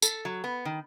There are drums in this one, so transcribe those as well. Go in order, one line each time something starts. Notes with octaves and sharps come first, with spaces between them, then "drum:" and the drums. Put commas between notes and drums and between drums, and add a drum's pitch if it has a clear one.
A4, drum: tambourine
F#3
B3
D#3